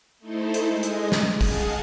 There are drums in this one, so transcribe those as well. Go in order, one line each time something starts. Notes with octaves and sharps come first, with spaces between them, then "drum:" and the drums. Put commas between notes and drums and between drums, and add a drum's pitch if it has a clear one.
A3 D#4 E4 A4 C5
drum: hi-hat
G#3 D#5 G#5
drum: hi-hat
drum: snare
G#4 D#5 F5 F#5 G#5 A5, drum: kick, open hi-hat